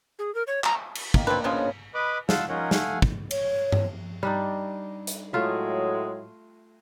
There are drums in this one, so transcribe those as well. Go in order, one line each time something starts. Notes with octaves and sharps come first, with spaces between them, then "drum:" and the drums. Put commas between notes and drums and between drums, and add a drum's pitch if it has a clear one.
G#4
A#4
C#5
A#5, drum: clap
drum: cymbal
D#3 A#3 A#4, drum: kick
B2 C4 D4 B4
C#3 F3 G#3 B3 G#4
B4 D#5 B5 D6
F4 F5 F#5 A5 E6, drum: snare
C#4 D#4 F4 A#4 C#5 F#5
A3 F5 F#5 G#5, drum: snare
drum: kick
C#5, drum: cymbal
drum: tom G2
G3 D4 D#4
drum: hi-hat
A2 F#3 G#3 A3 F4 E5